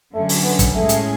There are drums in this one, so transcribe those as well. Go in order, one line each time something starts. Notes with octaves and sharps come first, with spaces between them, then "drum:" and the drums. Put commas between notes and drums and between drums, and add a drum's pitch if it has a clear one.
F#2 D3 F#3 A3 C#4
drum: open hi-hat
B3
drum: kick, hi-hat
A2 G#3 A3 C#4 G#4
drum: hi-hat